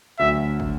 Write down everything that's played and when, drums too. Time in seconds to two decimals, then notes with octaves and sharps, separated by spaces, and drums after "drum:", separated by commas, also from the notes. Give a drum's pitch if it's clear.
0.19 D2 D3 F#3 E5
0.60 drum: kick